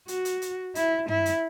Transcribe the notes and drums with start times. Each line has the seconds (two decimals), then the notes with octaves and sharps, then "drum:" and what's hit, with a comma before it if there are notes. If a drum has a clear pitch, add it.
0.08 F#4, drum: hi-hat
0.25 drum: hi-hat
0.42 drum: hi-hat
0.75 E4, drum: hi-hat
1.08 E4, drum: tom
1.26 drum: hi-hat